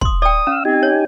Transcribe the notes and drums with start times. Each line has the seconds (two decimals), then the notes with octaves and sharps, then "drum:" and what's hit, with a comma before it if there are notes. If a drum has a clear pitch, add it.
0.01 C6 D#6, drum: kick
0.22 D5 G5 D#6
0.47 C#4 F5 E6
0.65 C4 D#4 G4 G#5
0.83 C#5